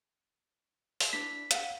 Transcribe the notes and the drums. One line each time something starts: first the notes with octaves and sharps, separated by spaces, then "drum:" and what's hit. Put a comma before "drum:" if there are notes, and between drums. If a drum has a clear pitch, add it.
drum: open hi-hat
D4 E4 B4 B6
F5 F#5, drum: hi-hat